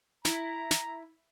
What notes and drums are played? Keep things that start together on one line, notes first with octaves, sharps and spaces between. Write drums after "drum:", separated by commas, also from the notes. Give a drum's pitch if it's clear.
E4 A#5, drum: snare
drum: snare